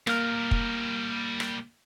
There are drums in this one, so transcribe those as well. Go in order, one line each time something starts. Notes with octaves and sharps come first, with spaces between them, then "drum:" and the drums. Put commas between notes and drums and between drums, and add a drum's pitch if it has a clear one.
G3 A#3 A#4 F6, drum: rim click
drum: kick
drum: rim click